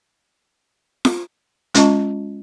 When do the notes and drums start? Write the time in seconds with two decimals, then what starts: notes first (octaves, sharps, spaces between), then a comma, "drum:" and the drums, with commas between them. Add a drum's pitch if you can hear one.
1.05 drum: snare F4
1.74 G#3 C#4 F4 D#5 A5 C#6, drum: hi-hat